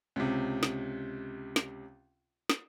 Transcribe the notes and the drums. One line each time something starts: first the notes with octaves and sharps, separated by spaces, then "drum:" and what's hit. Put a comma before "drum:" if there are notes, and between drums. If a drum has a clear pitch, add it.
C#2 C3
drum: snare
drum: snare
drum: snare